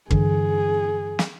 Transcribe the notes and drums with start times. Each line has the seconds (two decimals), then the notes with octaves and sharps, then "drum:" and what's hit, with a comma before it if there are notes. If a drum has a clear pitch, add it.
0.11 G2 D3 E3 G#4, drum: kick
1.19 drum: snare